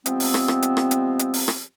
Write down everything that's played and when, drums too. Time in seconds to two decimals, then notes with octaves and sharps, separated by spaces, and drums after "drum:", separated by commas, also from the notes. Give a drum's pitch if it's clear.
0.06 F3 G3 G#3 B3 C4, drum: hi-hat
0.20 drum: open hi-hat
0.34 drum: rim click
0.48 drum: rim click
0.62 drum: hi-hat
0.77 drum: rim click
0.91 drum: hi-hat
1.19 drum: hi-hat
1.34 drum: open hi-hat
1.48 drum: rim click